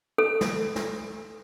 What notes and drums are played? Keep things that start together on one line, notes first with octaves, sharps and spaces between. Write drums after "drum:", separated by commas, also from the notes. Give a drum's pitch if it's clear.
A4
drum: snare
drum: snare